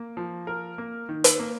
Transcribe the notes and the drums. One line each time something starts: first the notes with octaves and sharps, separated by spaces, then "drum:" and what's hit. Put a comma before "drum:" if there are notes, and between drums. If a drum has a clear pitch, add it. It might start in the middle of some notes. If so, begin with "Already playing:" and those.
Already playing: A#3
F3
A#4
A#3
D#3
drum: hi-hat
A#3